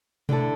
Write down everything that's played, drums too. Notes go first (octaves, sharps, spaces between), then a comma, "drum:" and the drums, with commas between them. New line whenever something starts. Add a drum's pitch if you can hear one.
D3 A3 E4 A4, drum: tom B2